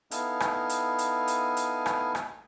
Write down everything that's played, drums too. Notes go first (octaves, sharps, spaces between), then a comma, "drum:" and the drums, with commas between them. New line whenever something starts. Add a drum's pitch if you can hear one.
B3 D#4 E4 A4 F5 G#5, drum: hi-hat
drum: rim click
drum: hi-hat
drum: hi-hat
drum: hi-hat
drum: hi-hat
drum: rim click
drum: rim click